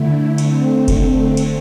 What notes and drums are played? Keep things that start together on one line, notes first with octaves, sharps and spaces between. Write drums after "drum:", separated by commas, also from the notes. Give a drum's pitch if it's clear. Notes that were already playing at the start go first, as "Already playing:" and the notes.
Already playing: D3 A3 E4
D3 A3 C4, drum: cymbal
drum: kick F1, cymbal
drum: cymbal